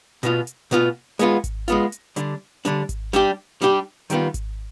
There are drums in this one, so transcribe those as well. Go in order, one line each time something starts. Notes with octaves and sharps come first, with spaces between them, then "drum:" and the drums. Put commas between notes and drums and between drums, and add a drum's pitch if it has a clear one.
B2 B3 F4, drum: hi-hat
drum: hi-hat
B2 B3 F4, drum: hi-hat
G#3 B3 F4, drum: hi-hat
drum: kick G#1, hi-hat
G#3 B3 F4, drum: hi-hat
drum: hi-hat
D3 G3 D4, drum: hi-hat
D3 G3 D4, drum: hi-hat
drum: kick G#1, hi-hat
G3 D4 G4, drum: hi-hat
G3 D4 G4, drum: hi-hat
D#3 G3 B3 F4, drum: hi-hat
drum: kick G#1, hi-hat